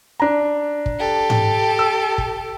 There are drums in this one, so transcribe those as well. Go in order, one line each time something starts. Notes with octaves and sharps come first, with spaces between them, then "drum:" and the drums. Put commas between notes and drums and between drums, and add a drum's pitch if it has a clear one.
D4 A#5
drum: kick
G4 A4
drum: tom G#2
E6
drum: kick